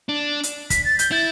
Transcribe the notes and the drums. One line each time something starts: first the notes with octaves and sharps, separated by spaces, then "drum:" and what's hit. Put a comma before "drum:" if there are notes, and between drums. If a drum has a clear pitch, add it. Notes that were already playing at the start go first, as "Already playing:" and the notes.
D4
drum: hi-hat
B6, drum: kick, hi-hat
A6
G6, drum: hi-hat
E4 A6